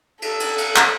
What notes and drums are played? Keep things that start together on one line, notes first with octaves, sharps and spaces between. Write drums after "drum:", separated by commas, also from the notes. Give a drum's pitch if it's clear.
A4, drum: cymbal
drum: cymbal
drum: cymbal
drum: clap